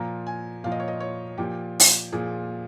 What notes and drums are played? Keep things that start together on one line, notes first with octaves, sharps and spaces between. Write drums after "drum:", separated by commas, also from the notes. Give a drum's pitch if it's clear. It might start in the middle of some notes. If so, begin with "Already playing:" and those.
Already playing: A#2 F3 A#5
G#5
A#2 F3 F5
D#5
C#5
D#5
C#5
A#2 F3 G4
drum: open hi-hat
A#2 F3 G#4